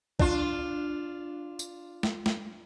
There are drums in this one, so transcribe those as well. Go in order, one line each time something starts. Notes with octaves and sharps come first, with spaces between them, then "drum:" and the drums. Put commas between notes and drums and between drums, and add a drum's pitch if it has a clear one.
D4 F4, drum: kick
drum: tambourine
drum: snare
drum: snare